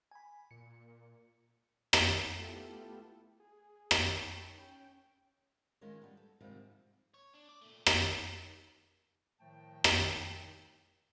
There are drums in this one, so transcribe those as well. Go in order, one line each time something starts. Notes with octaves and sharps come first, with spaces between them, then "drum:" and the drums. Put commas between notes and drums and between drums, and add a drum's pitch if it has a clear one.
G#5 B5
A#2 C#7
drum: rim click
A3 B3 E4 F4 G4 A4
G#4
drum: rim click
G5 A5 B5 C#6
C#4 G5
D#3 G#3 C#4 F4 A#4
G3 B3
A4
G#2 C3 D#3 F3 G3
C#5
D4
D5
A#2 A3
drum: rim click
A2 D#3 F3 A3 G5 A5
drum: rim click